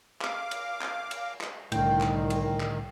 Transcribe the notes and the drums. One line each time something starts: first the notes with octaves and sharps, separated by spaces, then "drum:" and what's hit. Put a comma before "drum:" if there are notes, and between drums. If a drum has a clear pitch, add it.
F5 D6, drum: clap
drum: cymbal
drum: clap
drum: cymbal
drum: clap
C2 A2 D3 D#3 G5, drum: cymbal
drum: clap
drum: cymbal
drum: clap